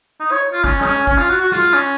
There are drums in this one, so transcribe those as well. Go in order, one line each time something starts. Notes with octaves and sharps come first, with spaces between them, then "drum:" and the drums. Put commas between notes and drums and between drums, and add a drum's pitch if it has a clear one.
D#4
C#5
F4
C#4, drum: kick
D#4, drum: snare
C#4
C#4, drum: kick
F4
F#4
F#4
F4, drum: snare
C#4